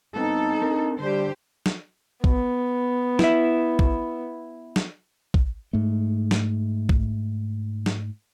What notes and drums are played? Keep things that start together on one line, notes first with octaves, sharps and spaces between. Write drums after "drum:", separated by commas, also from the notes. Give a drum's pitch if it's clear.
G2 B3 C4 D#4 A4
C4 D4 A#4
D3 G3 G4 C5
drum: snare
B3, drum: kick
E4 E5, drum: snare
drum: kick
drum: snare
drum: kick
G#2 A3
drum: snare
drum: kick
drum: snare